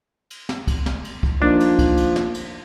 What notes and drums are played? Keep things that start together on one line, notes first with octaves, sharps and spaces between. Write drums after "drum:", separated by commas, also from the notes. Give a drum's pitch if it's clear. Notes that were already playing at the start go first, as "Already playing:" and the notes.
drum: cymbal
drum: snare
drum: kick, cymbal
drum: snare
drum: cymbal
drum: kick
F3 A#3 D4 D#4
drum: cymbal
drum: kick, cymbal
drum: cymbal
drum: snare
drum: cymbal